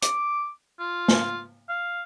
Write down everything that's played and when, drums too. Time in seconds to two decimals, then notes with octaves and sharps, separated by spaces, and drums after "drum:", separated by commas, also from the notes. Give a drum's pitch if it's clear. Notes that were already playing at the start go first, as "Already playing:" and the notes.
0.02 D6, drum: hi-hat
0.79 F4
1.08 drum: snare
1.69 F5